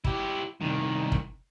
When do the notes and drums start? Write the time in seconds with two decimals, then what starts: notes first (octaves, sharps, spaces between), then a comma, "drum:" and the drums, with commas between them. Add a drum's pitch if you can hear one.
0.05 E4 G4, drum: kick
0.61 C2 D#3
1.12 drum: kick